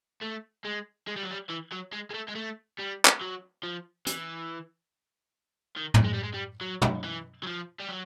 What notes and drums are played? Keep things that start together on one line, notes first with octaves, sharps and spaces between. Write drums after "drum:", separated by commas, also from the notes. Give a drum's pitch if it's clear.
A3
G#3
G#3
G3
F#3
G3
E3
F#3
G#3
G#3
A3
G#3
A3
G3
drum: clap
F#3
F3
E3, drum: hi-hat
D#3
drum: tom
G#3
G3
G#3
G3
F#3
drum: tom
E3
F#3
F3
G3
F#3